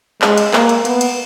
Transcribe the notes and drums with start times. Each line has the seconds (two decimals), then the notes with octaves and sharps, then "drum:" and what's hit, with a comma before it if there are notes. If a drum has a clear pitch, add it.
0.22 G#3, drum: clap
0.38 drum: cymbal
0.53 A#3, drum: clap
0.69 drum: cymbal
0.85 B3, drum: cymbal
1.01 drum: cymbal